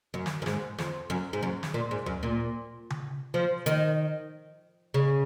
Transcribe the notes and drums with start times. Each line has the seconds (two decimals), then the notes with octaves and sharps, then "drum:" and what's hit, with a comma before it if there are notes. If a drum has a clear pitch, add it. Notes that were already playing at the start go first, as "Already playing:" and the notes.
0.14 F#2
0.26 drum: snare
0.42 F#2
0.46 G#2, drum: snare
0.79 F2, drum: snare
1.10 F#2
1.33 G#2
1.43 F#2
1.63 drum: snare
1.74 A#2
1.91 G#2
2.06 F#2, drum: tom D2
2.23 A#2
2.90 drum: tom C#3
3.34 F3
3.66 D#3, drum: hi-hat
4.94 C#3